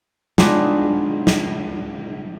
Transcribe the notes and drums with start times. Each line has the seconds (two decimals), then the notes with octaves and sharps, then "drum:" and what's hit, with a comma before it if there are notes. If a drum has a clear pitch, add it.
0.38 G3 G#3 B3 D4 D#4 F4, drum: snare
1.27 drum: snare